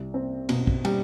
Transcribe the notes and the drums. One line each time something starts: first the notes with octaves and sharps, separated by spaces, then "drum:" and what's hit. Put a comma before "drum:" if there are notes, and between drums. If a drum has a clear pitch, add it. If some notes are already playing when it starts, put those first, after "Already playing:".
Already playing: C2
C4
B2, drum: cymbal
drum: kick
G3, drum: cymbal